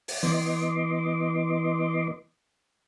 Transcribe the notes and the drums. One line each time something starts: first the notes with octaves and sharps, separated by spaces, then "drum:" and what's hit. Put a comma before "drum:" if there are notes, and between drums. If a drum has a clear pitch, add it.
drum: open hi-hat
E3 B3 D#5 C6 D6, drum: snare